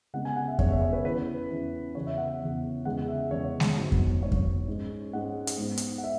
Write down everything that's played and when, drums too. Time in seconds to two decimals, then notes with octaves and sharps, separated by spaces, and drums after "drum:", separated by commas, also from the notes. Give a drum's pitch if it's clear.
0.14 C#3 G#3 B3 F#5
0.25 G#5
0.36 F#5
0.48 E5
0.59 C#3 G#3 B3 C#5, drum: kick F2
0.71 E5
0.81 C#5
0.93 B4
1.04 E2 E3 C#4 B4
1.50 E2 E3 C#4
1.95 E2 C#3 E3 B3 C#5
2.07 E5
2.18 F#5
2.40 E2 C#3 E3 B3
2.85 E2 C#3 G#3 B3 F#5
3.08 E5
3.31 E2 C#3 G#3 B3 C#5
3.60 drum: snare G#3
3.77 G#2 F#3 B3
3.92 drum: kick F2
4.23 G#2 F#3 B3 C#5
4.32 drum: kick F2
4.68 G#2 G#3 C#4
5.13 G#2 G#3 C#4 F#5
5.47 drum: hi-hat
5.58 G#2 G#3 B3
5.77 drum: hi-hat
5.98 F#5
6.04 E5